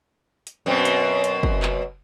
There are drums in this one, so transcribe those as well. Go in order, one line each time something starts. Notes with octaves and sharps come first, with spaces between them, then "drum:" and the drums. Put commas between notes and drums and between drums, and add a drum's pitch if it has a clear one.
drum: hi-hat
F#2 B2 C4
drum: hi-hat
drum: hi-hat
drum: kick
drum: clap